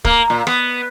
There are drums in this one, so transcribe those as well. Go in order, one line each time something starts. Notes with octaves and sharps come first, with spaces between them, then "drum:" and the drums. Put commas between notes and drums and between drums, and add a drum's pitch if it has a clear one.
A#3, drum: kick
A#2
B3, drum: rim click